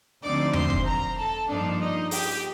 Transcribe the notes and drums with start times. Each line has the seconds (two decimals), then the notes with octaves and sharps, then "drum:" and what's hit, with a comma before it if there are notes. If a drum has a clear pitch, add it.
0.22 D2 D3 F3 C4 D#4 D5 D6
0.53 C5 C6, drum: tom E2
0.70 drum: kick
0.85 A#4 A#5
1.16 A4 A5
1.47 G2 F3 A#3 D4 D#4 D5
1.79 D#4 D#5
2.11 G4 G5, drum: open hi-hat